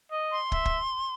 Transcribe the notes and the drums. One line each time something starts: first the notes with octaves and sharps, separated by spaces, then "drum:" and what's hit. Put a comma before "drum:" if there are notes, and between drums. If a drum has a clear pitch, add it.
D#5
C6
E5, drum: kick
drum: kick